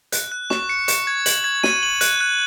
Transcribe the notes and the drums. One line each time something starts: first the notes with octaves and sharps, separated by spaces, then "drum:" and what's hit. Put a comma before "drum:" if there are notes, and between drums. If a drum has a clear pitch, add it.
F#6, drum: hi-hat
F#6
C#6, drum: snare
C#7
C#6, drum: hi-hat
G#6
F#7, drum: hi-hat
G#6
D#7, drum: snare
F#7
F#6, drum: hi-hat
F#6